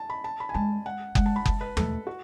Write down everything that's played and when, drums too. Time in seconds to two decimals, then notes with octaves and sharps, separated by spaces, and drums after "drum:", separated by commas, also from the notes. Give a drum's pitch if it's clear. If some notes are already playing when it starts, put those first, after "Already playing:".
Already playing: A5
0.10 B5
0.24 A5
0.40 B5
0.49 G#5
0.54 G#3 A5
0.86 F#5
1.15 G#3 F#5, drum: kick F#1
1.26 A5
1.36 B5
1.46 A5, drum: kick F#1
1.61 B4
1.77 A3 A4, drum: tom
2.07 F#4